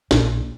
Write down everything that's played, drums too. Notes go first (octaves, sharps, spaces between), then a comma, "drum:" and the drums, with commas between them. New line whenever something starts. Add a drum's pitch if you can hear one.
A#1 A#2, drum: snare